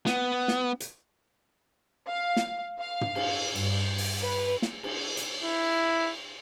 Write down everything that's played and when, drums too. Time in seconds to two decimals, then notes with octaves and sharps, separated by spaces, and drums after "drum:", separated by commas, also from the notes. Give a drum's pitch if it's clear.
0.06 B3, drum: snare
0.48 drum: snare
0.80 drum: hi-hat
2.08 F5
2.36 drum: snare
2.79 F5
3.01 drum: tom
3.15 drum: cymbal
3.55 G2, drum: cymbal
3.98 drum: open hi-hat
4.22 B4
4.62 drum: snare
4.83 drum: cymbal
5.17 drum: hi-hat
5.43 E4